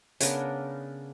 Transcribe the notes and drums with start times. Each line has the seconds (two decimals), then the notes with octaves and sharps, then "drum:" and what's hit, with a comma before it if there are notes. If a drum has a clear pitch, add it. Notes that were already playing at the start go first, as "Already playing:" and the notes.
0.20 C#3 B3 D4 A#4, drum: hi-hat